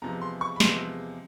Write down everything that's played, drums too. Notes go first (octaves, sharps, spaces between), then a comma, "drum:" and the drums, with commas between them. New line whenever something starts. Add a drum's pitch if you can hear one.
E2 C3 F3 G#3 A#5
C6
C#6
B5
E2 C3 F3 G#3 C6, drum: snare